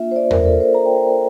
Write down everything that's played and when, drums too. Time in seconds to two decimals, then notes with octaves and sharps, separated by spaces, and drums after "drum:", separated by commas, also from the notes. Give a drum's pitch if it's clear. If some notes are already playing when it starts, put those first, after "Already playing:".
Already playing: A#3 D4 F4 E5
0.11 C5
0.16 D5
0.31 A#4, drum: tom E2
0.46 A4
0.60 C5
0.74 A#5
0.86 G5
0.96 C5
1.08 A#4